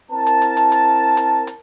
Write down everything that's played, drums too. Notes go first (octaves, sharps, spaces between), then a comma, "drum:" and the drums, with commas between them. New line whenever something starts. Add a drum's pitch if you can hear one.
C4 E4 A#4 A5
drum: hi-hat
drum: hi-hat
drum: hi-hat
drum: hi-hat
drum: hi-hat
drum: hi-hat